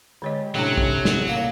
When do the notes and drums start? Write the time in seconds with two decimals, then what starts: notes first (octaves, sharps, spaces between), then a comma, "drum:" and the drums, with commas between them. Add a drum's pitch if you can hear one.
0.22 D3 G#3 G4 C#5 D#5
0.55 A2 C3 F#3 C#4 D4 G5
0.78 drum: kick
1.05 drum: snare
1.28 A#3